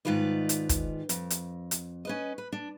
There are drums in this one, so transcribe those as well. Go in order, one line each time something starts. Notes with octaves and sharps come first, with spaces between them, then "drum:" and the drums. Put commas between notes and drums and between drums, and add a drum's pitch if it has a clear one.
G#2 C3 D#3 F4 B4 D5
drum: hi-hat
drum: kick, hi-hat
F2, drum: hi-hat
drum: hi-hat
drum: hi-hat
C#4 B4 D#5
B4
D4